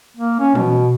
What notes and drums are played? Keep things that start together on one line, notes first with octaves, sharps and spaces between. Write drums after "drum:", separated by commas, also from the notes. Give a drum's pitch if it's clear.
A#3
C#4
B2, drum: tom E3